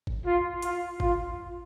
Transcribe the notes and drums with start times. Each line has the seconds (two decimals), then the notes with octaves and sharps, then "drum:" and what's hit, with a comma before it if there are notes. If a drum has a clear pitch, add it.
0.07 drum: kick G#1
0.25 F4
0.62 F4, drum: hi-hat
1.00 F4, drum: kick G#1